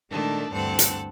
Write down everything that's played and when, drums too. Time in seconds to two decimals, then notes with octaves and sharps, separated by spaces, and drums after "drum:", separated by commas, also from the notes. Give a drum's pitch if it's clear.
0.11 A#2 D#3 G#3 A3 D4 A4
0.52 D2 G2 E3 C4 A4 F#5
0.79 drum: hi-hat